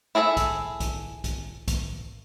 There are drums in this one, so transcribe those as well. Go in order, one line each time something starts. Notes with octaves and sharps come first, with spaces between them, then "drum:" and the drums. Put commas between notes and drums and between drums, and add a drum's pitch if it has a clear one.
E4 G#4 A4 D#5 E5
drum: kick B1, hi-hat
drum: kick B1, hi-hat
drum: kick B1, hi-hat
drum: kick B1, hi-hat